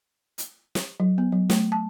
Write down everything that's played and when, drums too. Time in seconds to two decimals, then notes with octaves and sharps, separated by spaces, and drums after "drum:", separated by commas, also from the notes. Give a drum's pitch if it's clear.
0.38 drum: hi-hat
0.75 drum: snare
1.00 F#3
1.18 B3
1.32 F#3
1.50 A3, drum: snare
1.72 A5